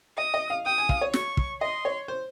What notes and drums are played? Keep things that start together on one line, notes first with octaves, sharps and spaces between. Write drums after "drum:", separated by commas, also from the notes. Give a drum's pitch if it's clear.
D#5 D#6
D#5
F5
G5 D#6
G#5
F5, drum: kick
C#5
C#6, drum: snare
drum: kick
D#5 C6
C#5
C5